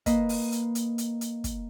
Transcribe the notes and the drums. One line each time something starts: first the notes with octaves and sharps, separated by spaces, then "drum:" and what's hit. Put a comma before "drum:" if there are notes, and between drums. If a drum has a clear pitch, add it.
A#3 B4 D#5, drum: kick, hi-hat
drum: open hi-hat
drum: hi-hat
drum: hi-hat
drum: hi-hat
drum: hi-hat
drum: kick, hi-hat